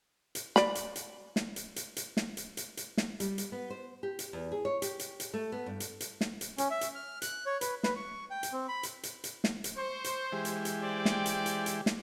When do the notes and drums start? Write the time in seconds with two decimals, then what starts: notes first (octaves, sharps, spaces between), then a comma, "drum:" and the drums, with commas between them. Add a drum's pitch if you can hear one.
0.35 drum: hi-hat
0.56 D5 B5, drum: snare
0.75 drum: hi-hat
0.96 drum: hi-hat
1.36 drum: snare
1.56 drum: hi-hat
1.76 drum: hi-hat
1.97 drum: hi-hat
2.17 drum: snare
2.37 drum: hi-hat
2.57 drum: hi-hat
2.77 drum: hi-hat
2.97 drum: snare
3.20 G3, drum: hi-hat
3.38 drum: hi-hat
3.52 B3
3.70 C5
4.03 G4
4.19 drum: hi-hat
4.33 E2
4.52 G#4
4.65 C#5
4.82 G4, drum: hi-hat
4.99 drum: hi-hat
5.20 drum: hi-hat
5.34 A3
5.52 B3
5.66 G2
5.80 drum: hi-hat
6.00 drum: hi-hat
6.21 drum: snare
6.41 drum: hi-hat
6.58 C#4, drum: hi-hat
6.71 E5
6.81 drum: hi-hat
6.95 F6
7.22 F#6, drum: hi-hat
7.46 C#5
7.61 B4, drum: hi-hat
7.83 B4, drum: snare
7.96 C#6
8.31 G5
8.43 drum: hi-hat
8.53 C4
8.68 B5
8.83 drum: hi-hat
9.03 drum: hi-hat
9.24 drum: hi-hat
9.44 drum: snare
9.64 drum: hi-hat
9.77 C5 C#6
10.04 drum: hi-hat
10.32 E3 G#3 G4
10.45 drum: hi-hat
10.65 drum: hi-hat
10.82 C5 D5 G5
11.05 drum: snare
11.26 drum: hi-hat
11.46 drum: hi-hat
11.66 drum: hi-hat
11.86 drum: snare